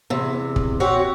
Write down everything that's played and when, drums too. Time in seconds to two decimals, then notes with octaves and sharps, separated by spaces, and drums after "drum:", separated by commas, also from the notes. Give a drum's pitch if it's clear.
0.10 E2 C3
0.56 drum: kick
0.80 C4 F#4 G4 C#5 F#5